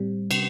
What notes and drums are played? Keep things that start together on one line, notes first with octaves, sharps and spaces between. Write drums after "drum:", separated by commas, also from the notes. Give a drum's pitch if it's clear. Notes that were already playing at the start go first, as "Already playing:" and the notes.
Already playing: A2 G3 C4
C3, drum: cymbal